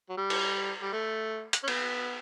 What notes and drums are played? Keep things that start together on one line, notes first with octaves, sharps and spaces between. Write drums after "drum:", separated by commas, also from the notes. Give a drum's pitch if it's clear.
F#3
G3
drum: cymbal
G3
A3
drum: hi-hat
C#4
B3, drum: cymbal